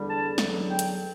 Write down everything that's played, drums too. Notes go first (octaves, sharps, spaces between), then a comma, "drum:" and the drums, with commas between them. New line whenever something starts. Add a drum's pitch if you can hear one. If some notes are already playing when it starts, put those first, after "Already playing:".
Already playing: E2 D3 G3
A5
E2 D3 F#3, drum: snare
G5
drum: hi-hat